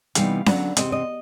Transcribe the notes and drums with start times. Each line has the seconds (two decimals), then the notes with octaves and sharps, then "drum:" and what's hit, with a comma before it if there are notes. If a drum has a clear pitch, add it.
0.15 C3 E3 G3 B3 D#4 F5, drum: hi-hat
0.46 D3 F#3 B3 D4, drum: snare C#4
0.77 E2 C3 F3 G#3 C4 D#5, drum: hi-hat
0.92 D#5